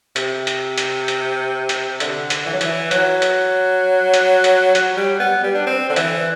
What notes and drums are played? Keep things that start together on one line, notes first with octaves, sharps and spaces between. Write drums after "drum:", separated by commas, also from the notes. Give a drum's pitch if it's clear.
C3, drum: hi-hat
drum: hi-hat
drum: hi-hat
drum: hi-hat
drum: hi-hat
D3, drum: hi-hat
drum: hi-hat
E3
F#3
E3, drum: hi-hat
F#3, drum: hi-hat
drum: hi-hat
drum: hi-hat
drum: hi-hat
F#3, drum: hi-hat
G3
B3
G3
D4
C4
D3
E3, drum: hi-hat